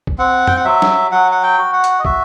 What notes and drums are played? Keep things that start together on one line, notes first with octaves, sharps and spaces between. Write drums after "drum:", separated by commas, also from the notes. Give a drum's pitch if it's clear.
drum: kick
C4 F#5
G5, drum: tom F2
F#5
F#3 E5
drum: snare
F#3 F#5
F#5
G5
F#4
F#5
drum: hi-hat
D#5
F#4 E5, drum: kick